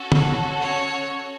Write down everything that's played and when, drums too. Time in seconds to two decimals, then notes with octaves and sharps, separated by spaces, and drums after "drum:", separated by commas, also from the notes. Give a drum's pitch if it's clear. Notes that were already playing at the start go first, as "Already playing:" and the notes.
Already playing: C#4 F#4 A4
0.12 drum: tom D3
0.62 C#5